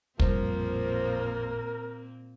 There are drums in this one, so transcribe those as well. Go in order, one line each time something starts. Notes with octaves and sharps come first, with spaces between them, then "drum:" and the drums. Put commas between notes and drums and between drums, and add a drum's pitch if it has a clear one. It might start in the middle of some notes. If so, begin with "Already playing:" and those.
A1 F2 A#2 F3 G3 A#3 C4 A#4, drum: kick